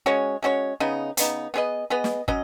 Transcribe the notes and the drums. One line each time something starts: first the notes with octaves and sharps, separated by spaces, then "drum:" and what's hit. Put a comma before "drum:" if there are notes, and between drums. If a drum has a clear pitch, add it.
G#3 C#4 F#4 C#5
G#3 C#4 F#4 C#5
C#3 B3 D#4
C#3 B3 D#4, drum: hi-hat
B3 G#4 B4 D#5
B3 G#4 B4 D#5
drum: snare
F#3 C#4 D#5, drum: kick